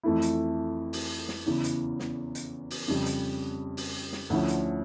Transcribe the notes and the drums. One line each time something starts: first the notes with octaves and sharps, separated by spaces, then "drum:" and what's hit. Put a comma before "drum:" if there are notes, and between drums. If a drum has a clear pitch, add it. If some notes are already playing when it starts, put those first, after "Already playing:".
F2 E3 A3 E4
drum: hi-hat
drum: open hi-hat
drum: snare
E2 C#3 E3
drum: hi-hat
drum: snare
drum: hi-hat
drum: open hi-hat
F2 C#3 G3
drum: hi-hat
drum: open hi-hat
drum: snare
D2 D3 F3 C#4 E4
drum: hi-hat